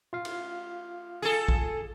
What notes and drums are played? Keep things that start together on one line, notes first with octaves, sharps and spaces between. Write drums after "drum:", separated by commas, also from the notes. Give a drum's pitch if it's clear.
F4 F5
drum: cymbal
G#4 A4
drum: kick